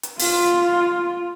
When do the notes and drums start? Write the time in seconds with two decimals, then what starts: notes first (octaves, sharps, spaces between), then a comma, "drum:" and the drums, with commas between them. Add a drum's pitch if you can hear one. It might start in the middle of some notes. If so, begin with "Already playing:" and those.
0.03 drum: hi-hat
0.20 F4, drum: open hi-hat